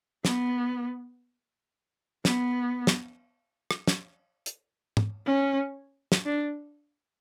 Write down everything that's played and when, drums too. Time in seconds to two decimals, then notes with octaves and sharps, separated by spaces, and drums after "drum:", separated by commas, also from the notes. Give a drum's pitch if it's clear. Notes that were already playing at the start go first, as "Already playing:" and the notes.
0.25 B3, drum: snare
2.25 B3, drum: snare
2.87 drum: snare
3.71 drum: rim click
3.88 drum: snare
4.46 drum: hi-hat
4.97 drum: tom G#2
5.25 C#4
6.12 drum: snare
6.26 D4